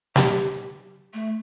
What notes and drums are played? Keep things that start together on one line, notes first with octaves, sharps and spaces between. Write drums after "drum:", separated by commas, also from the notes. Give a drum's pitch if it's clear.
G4, drum: snare
A3